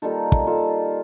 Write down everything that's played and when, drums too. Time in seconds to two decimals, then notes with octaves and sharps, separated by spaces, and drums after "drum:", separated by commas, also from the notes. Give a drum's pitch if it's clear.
0.02 D#3 G3 A#3 D#4 F4 A4
0.32 drum: kick
0.47 F4 A4